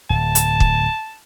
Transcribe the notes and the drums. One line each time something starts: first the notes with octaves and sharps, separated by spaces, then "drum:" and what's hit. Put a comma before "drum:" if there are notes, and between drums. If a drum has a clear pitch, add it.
D1 A5
drum: hi-hat
drum: kick